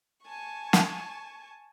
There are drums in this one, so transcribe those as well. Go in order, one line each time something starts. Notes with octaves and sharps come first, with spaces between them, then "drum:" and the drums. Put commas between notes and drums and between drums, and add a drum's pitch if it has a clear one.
G#5 A5 C#6
drum: snare